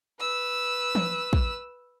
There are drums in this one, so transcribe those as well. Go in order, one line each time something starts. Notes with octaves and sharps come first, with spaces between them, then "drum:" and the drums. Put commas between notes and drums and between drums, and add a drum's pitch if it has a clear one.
B4 E6
drum: tom
drum: kick